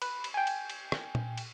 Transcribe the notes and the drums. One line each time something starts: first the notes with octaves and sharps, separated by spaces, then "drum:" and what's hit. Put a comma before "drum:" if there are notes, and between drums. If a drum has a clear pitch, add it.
B4, drum: cymbal
drum: cymbal
G5 G#5
drum: cymbal
drum: cymbal
drum: rim click
drum: tom A#2
drum: cymbal